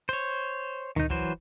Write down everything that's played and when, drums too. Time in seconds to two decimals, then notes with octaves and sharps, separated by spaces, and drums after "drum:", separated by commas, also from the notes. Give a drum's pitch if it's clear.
0.09 C5 C#5
0.96 D#3 D#4, drum: tom C#2
1.10 E3 F#3 C5, drum: kick